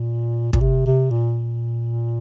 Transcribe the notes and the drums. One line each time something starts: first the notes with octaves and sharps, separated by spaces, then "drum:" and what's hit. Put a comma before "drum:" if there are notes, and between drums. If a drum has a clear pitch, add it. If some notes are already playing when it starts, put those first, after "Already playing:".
Already playing: A#2
A#2, drum: kick
C3
C3
A#2